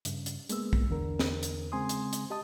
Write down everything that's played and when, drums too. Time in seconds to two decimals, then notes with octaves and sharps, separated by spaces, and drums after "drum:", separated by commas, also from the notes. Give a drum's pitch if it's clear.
0.05 G2 C#3, drum: hi-hat
0.26 drum: hi-hat
0.49 G#3 A#3 B3 E6, drum: hi-hat
0.73 drum: kick
0.89 E2 D3 A#4
1.19 drum: snare
1.43 drum: hi-hat
1.72 C#3 G#3 C4 G#5 C6 D#6
1.89 drum: hi-hat
2.13 drum: hi-hat
2.30 G4 D#5 A5 D#6